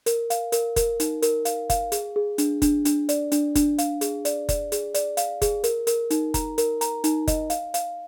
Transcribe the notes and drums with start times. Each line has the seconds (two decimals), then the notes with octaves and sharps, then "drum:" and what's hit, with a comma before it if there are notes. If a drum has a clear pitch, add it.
0.06 A#4, drum: hi-hat
0.30 F5, drum: hi-hat
0.52 A#4, drum: hi-hat
0.76 A#4, drum: kick F#1, hi-hat
1.00 D#4, drum: hi-hat
1.22 A#4, drum: hi-hat
1.45 F5, drum: hi-hat
1.70 F5, drum: kick F#1, hi-hat
1.92 G#4, drum: hi-hat
2.16 G#4
2.38 D4, drum: hi-hat
2.62 D4, drum: kick F#1, hi-hat
2.85 D4, drum: hi-hat
3.09 D5, drum: hi-hat
3.32 D4, drum: hi-hat
3.55 D4, drum: kick F#1, hi-hat
3.78 F5, drum: hi-hat
4.01 G#4, drum: hi-hat
4.25 D5, drum: hi-hat
4.49 D5, drum: kick F#1, hi-hat
4.72 G#4, drum: hi-hat
4.94 D5, drum: hi-hat
5.17 F5, drum: hi-hat
5.42 G#4, drum: kick F#1, hi-hat
5.64 A#4, drum: hi-hat
5.87 A#4, drum: hi-hat
6.10 D#4, drum: hi-hat
6.34 A#5, drum: kick F#1, hi-hat
6.58 A#4, drum: hi-hat
6.81 A#5, drum: hi-hat
7.04 D#4, drum: hi-hat
7.27 D#5, drum: kick F#1, hi-hat
7.50 F5, drum: hi-hat
7.74 F5, drum: hi-hat